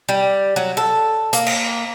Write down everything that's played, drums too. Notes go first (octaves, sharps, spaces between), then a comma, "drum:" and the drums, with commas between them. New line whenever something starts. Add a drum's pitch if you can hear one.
G3
F#3
A4
A#3, drum: hi-hat
drum: cymbal